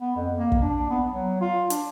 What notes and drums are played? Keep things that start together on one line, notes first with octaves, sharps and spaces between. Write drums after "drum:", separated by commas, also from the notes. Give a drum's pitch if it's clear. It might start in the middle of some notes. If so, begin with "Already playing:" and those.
B3
F2
A#3
drum: kick
D4
B3
F#3
F4
D4, drum: hi-hat